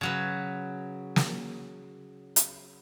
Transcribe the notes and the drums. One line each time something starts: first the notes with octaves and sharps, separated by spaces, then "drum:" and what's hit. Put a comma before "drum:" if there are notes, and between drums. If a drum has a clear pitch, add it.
C#3 F#3 B4
drum: snare
drum: hi-hat